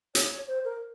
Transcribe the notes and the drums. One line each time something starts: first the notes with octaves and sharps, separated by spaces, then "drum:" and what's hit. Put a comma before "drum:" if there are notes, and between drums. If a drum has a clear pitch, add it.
C#5, drum: hi-hat
C5
A#4